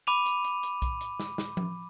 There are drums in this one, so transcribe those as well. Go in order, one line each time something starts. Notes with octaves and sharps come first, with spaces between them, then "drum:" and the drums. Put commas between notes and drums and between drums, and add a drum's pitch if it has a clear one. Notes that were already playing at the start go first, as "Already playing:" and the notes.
B5 D6 D#7 F7, drum: hi-hat
drum: hi-hat
drum: hi-hat
drum: hi-hat
drum: kick B1, hi-hat
drum: hi-hat
drum: snare
drum: snare
drum: tom F3